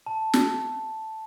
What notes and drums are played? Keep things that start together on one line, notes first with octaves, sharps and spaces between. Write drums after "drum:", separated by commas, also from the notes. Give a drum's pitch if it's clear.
A5
drum: snare